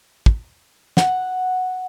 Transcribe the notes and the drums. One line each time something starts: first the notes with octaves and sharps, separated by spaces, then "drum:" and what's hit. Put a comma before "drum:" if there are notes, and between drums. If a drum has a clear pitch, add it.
drum: kick
F#5, drum: snare